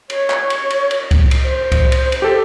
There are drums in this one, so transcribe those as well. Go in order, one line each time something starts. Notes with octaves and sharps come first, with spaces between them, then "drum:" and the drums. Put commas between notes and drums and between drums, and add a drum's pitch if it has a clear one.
C#5, drum: cymbal
drum: clap
drum: cymbal
drum: cymbal
drum: cymbal
drum: kick C2, cymbal
drum: cymbal
C5
drum: kick C2, cymbal
drum: cymbal
drum: cymbal
G4 A4